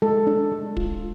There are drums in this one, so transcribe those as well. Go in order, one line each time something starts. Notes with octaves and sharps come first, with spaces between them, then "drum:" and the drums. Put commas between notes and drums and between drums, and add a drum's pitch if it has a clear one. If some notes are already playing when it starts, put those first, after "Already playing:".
G#3 A4
D4
G#3
F4, drum: kick